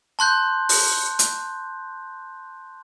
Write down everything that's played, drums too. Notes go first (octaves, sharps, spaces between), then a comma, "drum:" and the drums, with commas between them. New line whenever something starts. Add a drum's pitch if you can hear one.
A5 C6 F#6 G6
drum: open hi-hat
drum: hi-hat